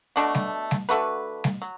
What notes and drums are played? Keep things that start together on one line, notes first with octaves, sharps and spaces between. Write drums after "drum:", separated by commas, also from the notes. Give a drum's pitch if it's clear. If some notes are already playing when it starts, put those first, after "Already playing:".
B2 A3 D4 F#4
drum: snare G3
drum: snare G3
D3 A3 F#4 B4
drum: snare G3
F#3